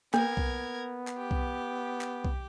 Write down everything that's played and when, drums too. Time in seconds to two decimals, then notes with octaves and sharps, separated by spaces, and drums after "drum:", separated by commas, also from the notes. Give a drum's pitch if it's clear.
0.14 A#3 B3 A#4 G#6, drum: clap
0.37 drum: kick B1
1.07 drum: clap
1.17 G4
1.31 drum: kick B1
2.01 drum: clap
2.25 drum: kick B1